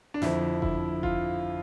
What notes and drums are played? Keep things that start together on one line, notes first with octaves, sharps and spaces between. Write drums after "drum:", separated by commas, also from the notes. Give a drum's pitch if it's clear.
D4
F2 D3 F3 E4, drum: snare
E4, drum: kick F#1
F4, drum: kick F#1